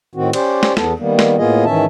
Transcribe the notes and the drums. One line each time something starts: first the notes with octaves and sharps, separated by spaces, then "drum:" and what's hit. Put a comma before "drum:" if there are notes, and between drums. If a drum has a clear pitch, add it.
A2 D#3 C4 F#4
C#4 G4 C5 D5, drum: cymbal
drum: snare
E2 B3 A4, drum: snare
D#3 G3 A#3 B3
drum: snare
A2 A#3 B3 F4 G#4 D#5
G#2 D#3 E3 C#4 E5 A5